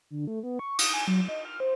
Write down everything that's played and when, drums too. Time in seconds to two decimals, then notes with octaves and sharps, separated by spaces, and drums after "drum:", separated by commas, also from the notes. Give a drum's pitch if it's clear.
0.10 D3
0.27 A3
0.43 B3
0.59 C#6
0.79 D#6, drum: cymbal
0.94 G#5
1.08 F#3
1.28 D#5
1.45 F6
1.60 C5